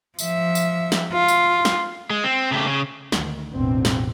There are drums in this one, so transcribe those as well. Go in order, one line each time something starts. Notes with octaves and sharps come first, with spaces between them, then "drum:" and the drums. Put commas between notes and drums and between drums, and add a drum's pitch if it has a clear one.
F3 E5, drum: tambourine
drum: tambourine
drum: snare
F4
drum: tambourine
drum: snare
G#3
C4
C#3 A3 G4
C#3
D2 D#3, drum: snare
A1 E2 B2 D3 C4
drum: snare